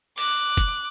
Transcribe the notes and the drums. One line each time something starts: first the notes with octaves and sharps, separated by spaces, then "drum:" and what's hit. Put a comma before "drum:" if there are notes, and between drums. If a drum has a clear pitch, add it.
D6 F#6, drum: open hi-hat
drum: kick F1, hi-hat